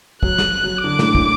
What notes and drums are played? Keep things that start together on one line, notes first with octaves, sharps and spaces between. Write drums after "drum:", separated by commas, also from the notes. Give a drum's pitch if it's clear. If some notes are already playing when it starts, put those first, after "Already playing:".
F#3 F#6, drum: kick
drum: snare
F#3
D3 D6
A2, drum: snare
A2, drum: kick